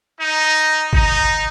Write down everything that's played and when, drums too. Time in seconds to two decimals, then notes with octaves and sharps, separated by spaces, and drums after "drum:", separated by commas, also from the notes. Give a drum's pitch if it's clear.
0.19 D#4
0.93 D#4, drum: kick G#1